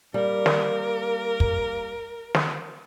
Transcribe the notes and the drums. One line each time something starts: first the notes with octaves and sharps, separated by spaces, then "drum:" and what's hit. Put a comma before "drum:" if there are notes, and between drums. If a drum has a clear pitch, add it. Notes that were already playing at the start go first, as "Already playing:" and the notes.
G3 A#3 A#4
drum: snare
drum: kick
drum: snare